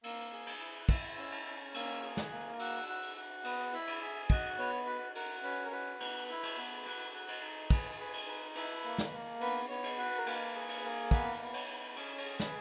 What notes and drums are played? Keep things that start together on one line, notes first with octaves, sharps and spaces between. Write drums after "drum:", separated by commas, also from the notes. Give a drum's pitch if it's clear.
A#3 E6, drum: cymbal
G#4
drum: cymbal
E4
F#6
E4 E6, drum: kick, cymbal
C#4
drum: cymbal
C#4
A#3 E6, drum: cymbal
G#4
F#6, drum: snare
A#3
F#4 E6, drum: cymbal
F#4
drum: cymbal
F#4
B3 D#6, drum: cymbal
E4 B5
drum: cymbal
G#4 E5
F#4 D#5, drum: kick, cymbal
B3 C#5
F#4 B4
F#4 A#4, drum: cymbal
C#4 B4
A#4
F#4 B4
B3, drum: cymbal
E4
drum: cymbal
B3
F#4, drum: cymbal
F#4
drum: cymbal
D#4
G#4 B4, drum: kick, cymbal
G#4 B4
drum: cymbal
D#4 B4
E4 B4, drum: cymbal
A#3
drum: snare
A#3
B3 B4, drum: cymbal
B3 C#5
drum: cymbal
F#4 B4
A#4
A#3 B4, drum: cymbal
G#4
drum: cymbal
A#3
B3 B4, drum: kick, cymbal
B3
C#5, drum: cymbal
B3
C#4 D#5, drum: cymbal
C#5, drum: cymbal
G#4
B4, drum: snare